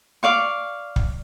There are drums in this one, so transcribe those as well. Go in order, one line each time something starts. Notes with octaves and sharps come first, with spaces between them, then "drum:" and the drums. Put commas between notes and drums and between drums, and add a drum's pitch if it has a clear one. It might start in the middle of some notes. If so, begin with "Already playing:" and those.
D5 F5 C#6
drum: kick